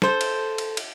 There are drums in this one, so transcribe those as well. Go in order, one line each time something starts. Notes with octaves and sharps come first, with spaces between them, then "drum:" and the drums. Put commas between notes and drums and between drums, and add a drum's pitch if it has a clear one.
A4 C5, drum: snare
drum: cymbal
drum: cymbal
drum: cymbal